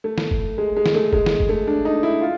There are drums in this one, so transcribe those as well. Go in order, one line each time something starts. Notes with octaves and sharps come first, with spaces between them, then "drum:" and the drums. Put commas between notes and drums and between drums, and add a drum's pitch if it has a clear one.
A3
drum: snare
drum: kick
G#3
G#3
drum: snare
A3
G#3, drum: kick
drum: snare
drum: kick
A3
D4
D#4
E4
F4